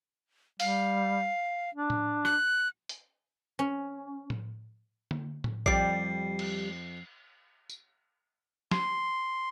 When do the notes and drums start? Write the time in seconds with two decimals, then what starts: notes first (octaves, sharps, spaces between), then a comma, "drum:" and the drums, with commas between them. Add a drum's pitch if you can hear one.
0.60 G3 F5, drum: open hi-hat
1.75 D4
1.90 drum: tom A2
2.25 F#6, drum: rim click
2.89 drum: hi-hat
3.59 C#4
4.30 drum: tom A2
5.11 drum: tom D3
5.44 drum: tom A2
5.66 F2 G3 D5 C7, drum: kick
6.39 drum: cymbal
7.69 drum: tambourine
8.71 C6, drum: snare